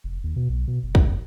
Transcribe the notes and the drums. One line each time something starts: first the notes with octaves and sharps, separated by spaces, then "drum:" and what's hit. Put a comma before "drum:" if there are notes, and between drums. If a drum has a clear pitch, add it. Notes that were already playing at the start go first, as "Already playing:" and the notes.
F1
D#2
B2
B1
B2
F#1
drum: kick